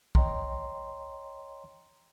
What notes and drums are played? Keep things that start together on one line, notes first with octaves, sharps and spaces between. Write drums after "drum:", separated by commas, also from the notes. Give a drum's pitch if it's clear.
C#5 D#5 G5 A#5 C6, drum: kick B1